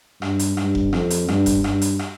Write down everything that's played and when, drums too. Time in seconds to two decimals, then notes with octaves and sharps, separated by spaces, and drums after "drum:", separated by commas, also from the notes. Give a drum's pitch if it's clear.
0.22 G2, drum: rim click
0.39 drum: hi-hat
0.57 G2, drum: rim click
0.75 drum: kick F1
0.93 F2, drum: rim click
1.10 drum: hi-hat
1.28 G2, drum: rim click
1.46 drum: kick F1, hi-hat
1.64 G2, drum: rim click
1.82 drum: hi-hat
1.99 drum: rim click